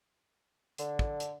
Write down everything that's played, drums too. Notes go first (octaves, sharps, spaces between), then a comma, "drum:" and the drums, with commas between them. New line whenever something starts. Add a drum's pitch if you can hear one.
D3, drum: hi-hat
drum: kick
drum: hi-hat